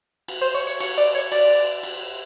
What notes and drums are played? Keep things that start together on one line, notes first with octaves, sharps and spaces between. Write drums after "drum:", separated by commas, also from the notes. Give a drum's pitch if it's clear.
drum: cymbal
C5
C#5
C#5
C#5, drum: cymbal
D5
C#5
D5, drum: cymbal
drum: cymbal